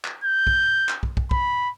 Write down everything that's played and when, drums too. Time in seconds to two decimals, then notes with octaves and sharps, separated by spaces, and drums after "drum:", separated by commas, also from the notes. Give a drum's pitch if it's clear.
0.05 drum: clap
0.24 G6
0.47 drum: kick
0.89 drum: clap
1.03 drum: kick
1.17 drum: kick
1.31 B5, drum: kick